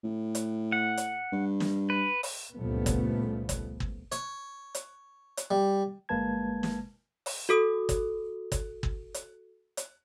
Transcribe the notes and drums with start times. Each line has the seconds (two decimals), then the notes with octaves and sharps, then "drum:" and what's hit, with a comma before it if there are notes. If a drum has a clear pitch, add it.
0.04 A2
0.35 drum: hi-hat
0.72 F#5
0.97 drum: hi-hat
1.32 G2
1.60 drum: snare
1.90 B4
2.23 drum: open hi-hat
2.55 C#2 G2 A#2 F3 A3 B3
2.86 drum: kick, hi-hat
3.49 drum: kick, hi-hat
3.80 drum: kick
4.12 C#5, drum: hi-hat
4.75 drum: hi-hat
5.37 drum: hi-hat
5.51 G3
6.09 G1 G#3 A#3 B4 A5 G#6
6.63 drum: snare
7.26 drum: open hi-hat
7.49 F#4 A4 D#6
7.89 drum: kick, hi-hat
8.52 drum: kick, hi-hat
8.83 drum: kick
9.14 drum: hi-hat
9.77 drum: hi-hat